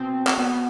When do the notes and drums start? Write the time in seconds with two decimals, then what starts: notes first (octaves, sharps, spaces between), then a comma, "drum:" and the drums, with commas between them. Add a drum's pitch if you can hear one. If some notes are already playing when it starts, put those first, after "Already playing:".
Already playing: B2 C4
0.27 drum: clap
0.38 B3